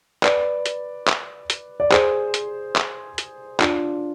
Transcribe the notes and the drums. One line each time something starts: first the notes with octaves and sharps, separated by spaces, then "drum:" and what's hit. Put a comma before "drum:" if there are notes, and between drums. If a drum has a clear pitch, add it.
B4 D5, drum: clap
drum: hi-hat
drum: clap
drum: hi-hat
D5
G#4 C5, drum: clap
drum: hi-hat
drum: clap
drum: hi-hat
D4 F4, drum: clap